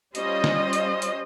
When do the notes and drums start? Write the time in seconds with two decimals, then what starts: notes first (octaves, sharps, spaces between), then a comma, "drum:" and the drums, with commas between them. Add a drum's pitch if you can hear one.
0.15 G3 C#4 F4 C5 D#5, drum: hi-hat
0.44 drum: snare
0.73 drum: hi-hat
1.02 drum: hi-hat